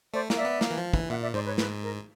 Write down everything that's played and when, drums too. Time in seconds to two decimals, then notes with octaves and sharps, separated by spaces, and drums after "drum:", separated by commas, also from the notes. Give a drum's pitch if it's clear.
0.13 A3 C5 D5
0.30 A#3, drum: snare
0.37 D5 E5
0.45 B3
0.61 A#3, drum: snare
0.71 E3
0.78 F3
0.93 E3, drum: kick
1.10 A#2 E5 F#5
1.22 D5 E5
1.34 G#2 C5 D5
1.46 B4 C#5
1.58 B4, drum: snare
1.82 A#4